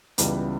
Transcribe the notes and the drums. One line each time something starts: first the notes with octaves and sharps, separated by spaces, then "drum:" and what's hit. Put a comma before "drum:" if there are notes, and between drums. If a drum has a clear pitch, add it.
C#2 C#3 E3 G3 B3, drum: hi-hat